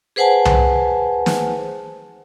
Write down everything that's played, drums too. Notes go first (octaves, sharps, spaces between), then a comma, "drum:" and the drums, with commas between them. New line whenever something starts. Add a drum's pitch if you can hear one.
G#4 B4 C5 F#5 G#5 A5
drum: tom C2
drum: snare